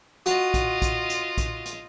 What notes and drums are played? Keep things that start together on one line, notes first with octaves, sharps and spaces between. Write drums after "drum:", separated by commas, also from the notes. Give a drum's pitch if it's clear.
F4 F#4 D#5, drum: hi-hat
drum: kick A#1, hi-hat
drum: kick A#1, hi-hat
drum: hi-hat
drum: kick A#1, hi-hat
drum: hi-hat